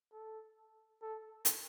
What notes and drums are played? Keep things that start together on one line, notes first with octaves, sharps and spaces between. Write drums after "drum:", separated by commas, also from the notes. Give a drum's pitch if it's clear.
A4
A4
drum: hi-hat